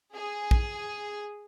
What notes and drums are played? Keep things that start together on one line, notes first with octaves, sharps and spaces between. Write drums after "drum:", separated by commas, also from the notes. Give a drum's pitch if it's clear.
G#4
drum: kick A#1